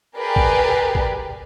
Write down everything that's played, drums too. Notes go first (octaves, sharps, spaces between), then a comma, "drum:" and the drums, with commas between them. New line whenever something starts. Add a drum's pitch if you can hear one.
G4 G#4 A#4 B4 D5
drum: kick
drum: kick